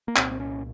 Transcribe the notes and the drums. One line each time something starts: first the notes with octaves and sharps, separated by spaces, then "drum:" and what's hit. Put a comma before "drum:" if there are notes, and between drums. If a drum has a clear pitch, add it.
A#3
C2 A#2 C4, drum: clap
C4
C#4